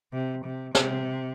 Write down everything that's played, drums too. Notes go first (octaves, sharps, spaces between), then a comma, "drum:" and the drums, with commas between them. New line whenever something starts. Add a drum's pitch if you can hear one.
C3
C3
C3, drum: snare